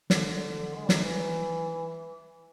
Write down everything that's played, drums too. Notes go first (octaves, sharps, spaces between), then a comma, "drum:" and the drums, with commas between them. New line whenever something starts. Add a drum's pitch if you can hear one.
D3, drum: snare
G#3
F#3, drum: snare
E3